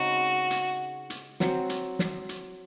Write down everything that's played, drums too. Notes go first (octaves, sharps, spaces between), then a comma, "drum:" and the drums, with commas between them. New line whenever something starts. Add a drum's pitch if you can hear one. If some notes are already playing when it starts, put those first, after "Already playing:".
Already playing: C#3 G#3 C4 D#4 F#4
drum: hi-hat
drum: hi-hat
F#3 C4 F#4, drum: snare
drum: hi-hat
drum: snare
drum: hi-hat